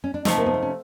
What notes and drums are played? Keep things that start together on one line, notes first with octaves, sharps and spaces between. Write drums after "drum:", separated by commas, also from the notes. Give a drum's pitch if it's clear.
C#4
D4
C3 F3 A3 D#4, drum: snare
A#3
B3
C4
C#4